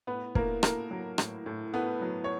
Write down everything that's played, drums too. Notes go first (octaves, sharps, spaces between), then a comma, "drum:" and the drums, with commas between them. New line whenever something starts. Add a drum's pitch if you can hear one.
A2 B3 B4
A2 A#3 A#4, drum: kick
A3 A#3 A#4, drum: rim click
F#3
A2, drum: rim click
A2
A3 B3 B4
F#3
C#5